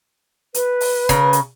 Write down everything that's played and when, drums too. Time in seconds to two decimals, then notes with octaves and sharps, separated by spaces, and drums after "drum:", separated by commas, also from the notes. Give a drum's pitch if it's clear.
0.54 B4, drum: hi-hat
0.81 drum: open hi-hat
1.09 C#3 A#4, drum: kick, hi-hat
1.33 drum: hi-hat